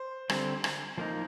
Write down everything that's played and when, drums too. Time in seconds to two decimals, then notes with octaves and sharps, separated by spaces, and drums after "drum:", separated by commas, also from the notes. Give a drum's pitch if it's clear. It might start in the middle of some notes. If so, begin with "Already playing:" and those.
Already playing: C5
0.30 D3 G3 C4, drum: rim click
0.64 drum: rim click
0.98 F3 A#3 D#4